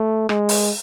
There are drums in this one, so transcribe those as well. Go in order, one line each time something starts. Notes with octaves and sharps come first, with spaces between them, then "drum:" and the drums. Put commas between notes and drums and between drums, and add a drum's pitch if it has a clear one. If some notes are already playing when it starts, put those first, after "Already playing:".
Already playing: A3
G#3, drum: rim click
drum: open hi-hat